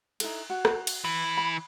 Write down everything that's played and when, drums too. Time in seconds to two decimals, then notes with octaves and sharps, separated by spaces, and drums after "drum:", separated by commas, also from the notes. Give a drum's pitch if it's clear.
0.20 D#4 E4 A4, drum: cymbal
0.50 F#4
0.65 drum: rim click
0.87 drum: cymbal
1.05 E3
1.37 B5